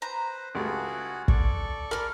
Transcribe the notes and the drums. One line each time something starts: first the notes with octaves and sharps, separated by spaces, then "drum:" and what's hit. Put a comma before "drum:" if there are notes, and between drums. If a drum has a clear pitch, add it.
B4 C5 A#5
C#2 G3 A3 F#4 G#4 F#5
A4 D5 C#6, drum: kick
A#4 B5 F6